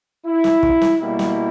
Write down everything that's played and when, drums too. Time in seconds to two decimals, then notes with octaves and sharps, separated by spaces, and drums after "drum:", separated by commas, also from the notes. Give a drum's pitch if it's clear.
0.26 E4
0.44 drum: snare
0.63 drum: kick
0.81 drum: snare
1.00 B2 G3 A#3 E4
1.19 drum: snare